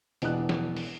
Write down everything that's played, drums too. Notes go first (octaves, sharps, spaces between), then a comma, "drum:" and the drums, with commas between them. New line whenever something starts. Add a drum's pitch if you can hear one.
E1 B2 E3 D4 D#6 F#6, drum: hi-hat
drum: snare
drum: open hi-hat